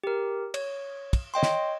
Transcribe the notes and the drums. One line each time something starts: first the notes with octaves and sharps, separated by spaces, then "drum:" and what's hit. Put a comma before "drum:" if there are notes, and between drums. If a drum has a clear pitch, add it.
G4 A#4
C#5, drum: cymbal
drum: kick, cymbal
C#5 D#5 G5 C6
drum: snare